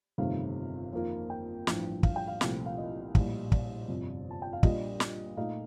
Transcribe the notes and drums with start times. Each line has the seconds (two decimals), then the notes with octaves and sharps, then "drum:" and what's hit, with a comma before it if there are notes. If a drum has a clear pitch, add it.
0.18 G1 F2 C3 D#3 A3 F5
0.93 F2 D#3 A#3 F4
1.30 G5
1.67 A1 G2 F3, drum: snare
2.03 F5, drum: kick
2.16 G5
2.28 F5
2.41 C2 A#2 F3 A3 C4, drum: snare
2.66 F5
2.78 D#5
3.15 A#1 A2 G3, drum: kick
3.52 D5, drum: kick
3.88 G1 F2 C3
4.31 A5
4.42 G5
4.53 F5
4.63 A#2 G3 D4 F4 D#5, drum: kick
5.00 drum: snare
5.37 A#2 A3 D#4 F5